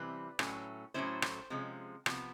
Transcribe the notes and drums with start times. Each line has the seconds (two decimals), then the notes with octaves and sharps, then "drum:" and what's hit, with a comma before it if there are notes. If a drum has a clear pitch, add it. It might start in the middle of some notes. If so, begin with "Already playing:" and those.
Already playing: C3 E3 G3 C4 E4 B4
0.39 A2 F#3 A3 C#4, drum: rim click
0.94 A2 F#3 A3 C#4 E4 C5
1.22 drum: rim click
1.50 C3 F3 G#3 C#4
2.06 C3 F3 B3, drum: rim click